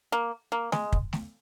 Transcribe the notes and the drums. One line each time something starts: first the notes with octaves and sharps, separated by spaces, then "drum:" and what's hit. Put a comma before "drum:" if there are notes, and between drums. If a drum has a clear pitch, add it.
A#3
A#3
G#3, drum: snare A3
drum: kick
drum: snare A3